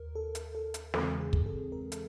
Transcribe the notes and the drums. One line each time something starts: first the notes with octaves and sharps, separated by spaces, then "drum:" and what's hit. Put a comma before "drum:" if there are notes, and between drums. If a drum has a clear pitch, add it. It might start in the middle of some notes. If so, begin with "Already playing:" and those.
Already playing: D#2 A#4
A4
drum: hi-hat
A4
drum: hi-hat
E2 C#3 E3 G#3 C4 A4, drum: snare
G#4
drum: kick
A4
A#4
drum: hi-hat